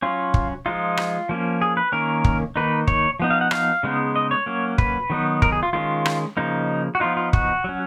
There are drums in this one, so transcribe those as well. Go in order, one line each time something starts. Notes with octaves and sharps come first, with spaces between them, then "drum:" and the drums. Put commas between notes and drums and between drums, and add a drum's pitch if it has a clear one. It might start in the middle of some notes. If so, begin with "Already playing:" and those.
F#3 C#4 F4
drum: kick
F3 G#3 D#4 F4
drum: rim click
F3 A#3 C#4
G#4
B4
D#3 A#3 C#4 A#4
drum: kick
D#3 A#3 D#4 B4
C#5, drum: kick
F3 B3 D#4
F5
F#5
F5, drum: rim click
C#3 G#3 B3 D#4
D#5
C#5
F#3 A#3 C#4
B4, drum: kick
D#3 F#3 B3 D#4
A#4, drum: kick
G#4
F4
D#3 G#3 C#4 F4
drum: rim click
C#3 F3 A#3 D#4
F#4
F3 B3 D#4 F4
F4
F#4, drum: kick
F#3 C#4